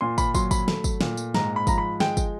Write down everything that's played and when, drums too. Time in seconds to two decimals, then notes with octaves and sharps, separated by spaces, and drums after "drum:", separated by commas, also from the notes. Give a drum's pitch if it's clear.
0.01 A#2 C6
0.18 B5, drum: kick, tambourine
0.35 F#3 C6, drum: kick, tambourine
0.51 B5, drum: kick, tambourine
0.68 A3, drum: snare
0.84 drum: kick, tambourine
1.01 A#2, drum: snare
1.17 drum: tambourine
1.34 G#2 A#5, drum: snare
1.56 B5
1.67 F3 A#5, drum: kick, tambourine
1.78 B5
2.00 G#3 G5, drum: snare
2.17 drum: kick, tambourine